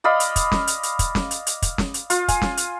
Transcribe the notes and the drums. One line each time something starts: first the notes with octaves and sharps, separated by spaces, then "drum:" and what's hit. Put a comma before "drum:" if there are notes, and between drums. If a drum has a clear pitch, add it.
D5 D#5 F5 B5
drum: hi-hat
drum: kick, hi-hat
drum: snare
drum: hi-hat
drum: hi-hat
drum: kick, hi-hat
drum: snare
drum: hi-hat
drum: hi-hat
drum: kick, hi-hat
drum: snare
drum: hi-hat
F4, drum: hi-hat
G#5, drum: kick, hi-hat
drum: snare
drum: hi-hat